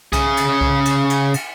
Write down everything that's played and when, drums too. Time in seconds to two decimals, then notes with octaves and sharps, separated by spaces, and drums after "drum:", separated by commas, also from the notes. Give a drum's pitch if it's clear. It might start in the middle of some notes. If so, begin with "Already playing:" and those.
0.13 C#3 G#4, drum: kick C2, cymbal
0.37 drum: cymbal
0.61 drum: kick C2
0.85 drum: cymbal
1.10 drum: cymbal
1.34 drum: cymbal